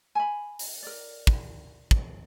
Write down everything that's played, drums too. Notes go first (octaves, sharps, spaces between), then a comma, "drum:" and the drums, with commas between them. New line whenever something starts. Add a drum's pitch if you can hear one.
G#5 B5
drum: open hi-hat
A#4 D5
drum: kick
drum: kick